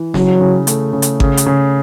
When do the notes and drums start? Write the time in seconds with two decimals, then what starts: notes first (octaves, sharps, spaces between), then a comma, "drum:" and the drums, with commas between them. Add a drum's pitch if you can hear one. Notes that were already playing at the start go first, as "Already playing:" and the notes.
Already playing: E3
0.14 C#3 F#3, drum: snare
0.41 C#3
0.67 A3, drum: hi-hat
0.93 C#3
1.02 drum: hi-hat
1.20 C#3, drum: kick G#1
1.37 drum: hi-hat
1.46 C#3